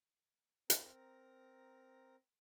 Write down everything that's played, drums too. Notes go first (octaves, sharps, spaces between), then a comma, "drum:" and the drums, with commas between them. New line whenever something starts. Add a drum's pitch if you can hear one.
C4 A#4 A#5, drum: hi-hat